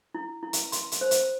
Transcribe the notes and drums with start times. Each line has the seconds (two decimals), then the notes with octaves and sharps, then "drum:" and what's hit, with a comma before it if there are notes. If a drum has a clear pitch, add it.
0.15 E4
0.43 E4
0.53 drum: hi-hat
0.72 C6, drum: hi-hat
0.92 drum: hi-hat
1.01 C5
1.11 drum: hi-hat